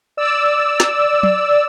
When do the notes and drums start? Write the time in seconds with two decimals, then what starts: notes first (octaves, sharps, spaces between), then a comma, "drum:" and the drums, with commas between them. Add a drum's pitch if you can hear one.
0.17 D5 E6
0.80 drum: snare
1.23 drum: tom